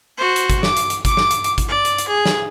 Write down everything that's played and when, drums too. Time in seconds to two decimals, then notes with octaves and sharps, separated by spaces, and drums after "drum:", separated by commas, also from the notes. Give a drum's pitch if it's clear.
0.17 F#4 C5
0.36 drum: hi-hat
0.50 drum: kick G#1, hi-hat
0.63 D6, drum: snare
0.77 drum: hi-hat
0.90 drum: hi-hat
1.05 D6, drum: kick G#1, hi-hat
1.17 drum: snare
1.31 drum: hi-hat
1.44 drum: hi-hat
1.58 drum: kick G#1, hi-hat
1.68 D5
1.85 drum: hi-hat
1.98 drum: hi-hat
2.08 G#4
2.26 drum: snare